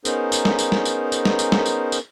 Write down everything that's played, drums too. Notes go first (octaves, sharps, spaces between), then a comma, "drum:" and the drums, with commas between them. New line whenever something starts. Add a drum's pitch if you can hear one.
B3 C#4 D#4 G#4 A#4 C5, drum: tambourine
drum: tambourine
drum: snare
drum: tambourine
drum: snare
drum: tambourine
drum: tambourine
drum: snare
drum: tambourine
drum: snare
drum: tambourine
drum: tambourine